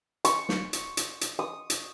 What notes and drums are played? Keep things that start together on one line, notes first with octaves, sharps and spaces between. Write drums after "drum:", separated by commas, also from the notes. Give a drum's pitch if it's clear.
C#6, drum: hi-hat
drum: snare
drum: hi-hat
drum: hi-hat
drum: hi-hat
D#6
drum: hi-hat